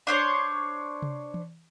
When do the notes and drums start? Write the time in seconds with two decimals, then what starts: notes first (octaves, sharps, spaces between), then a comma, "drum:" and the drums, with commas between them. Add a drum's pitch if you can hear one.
0.07 D4 C5 C#5
1.02 drum: tom C3
1.34 drum: tom E3